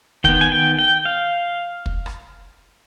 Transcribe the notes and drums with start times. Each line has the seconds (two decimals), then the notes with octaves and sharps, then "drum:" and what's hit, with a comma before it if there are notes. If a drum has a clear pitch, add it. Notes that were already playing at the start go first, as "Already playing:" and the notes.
0.24 D#3 B3 G5, drum: kick
0.41 G#5
0.52 G5
0.79 G5
1.05 F5
1.86 drum: kick
2.06 drum: rim click